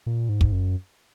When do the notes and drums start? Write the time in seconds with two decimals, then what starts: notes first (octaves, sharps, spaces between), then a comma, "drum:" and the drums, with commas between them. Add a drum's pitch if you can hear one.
0.06 A#2
0.29 G#2
0.41 drum: kick
0.52 F#2